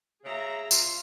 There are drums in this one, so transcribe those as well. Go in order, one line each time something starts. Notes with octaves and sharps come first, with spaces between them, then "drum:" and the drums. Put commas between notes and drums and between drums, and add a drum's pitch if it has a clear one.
C#3 G#4 E5 A#5
F4, drum: tambourine